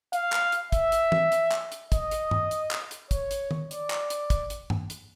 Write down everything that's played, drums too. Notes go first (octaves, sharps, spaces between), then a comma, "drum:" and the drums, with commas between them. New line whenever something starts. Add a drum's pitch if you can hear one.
F5, drum: hi-hat
drum: clap
drum: hi-hat
E5, drum: kick, hi-hat
drum: hi-hat
drum: tom E3
drum: hi-hat
drum: clap
drum: hi-hat
D#5, drum: kick, hi-hat
drum: hi-hat
drum: tom G2
drum: hi-hat
drum: clap
drum: hi-hat
C#5, drum: kick, hi-hat
drum: hi-hat
drum: tom D#3
D5, drum: hi-hat
drum: clap
drum: hi-hat
drum: kick, hi-hat
drum: hi-hat
drum: tom G2
drum: hi-hat